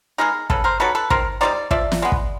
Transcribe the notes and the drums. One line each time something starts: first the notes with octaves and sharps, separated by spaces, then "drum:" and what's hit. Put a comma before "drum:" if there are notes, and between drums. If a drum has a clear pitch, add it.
G#3 B3 D#4 G#4 A#4
C#3 A4 B4, drum: kick
A#4 C5
F#3 B3 D#4 A4 B4
A4 B4
D#3 A#4 C5, drum: kick
G3 C4 D#4 C5 D5
F3 D5 E5, drum: kick
drum: snare
G#3 B3
drum: kick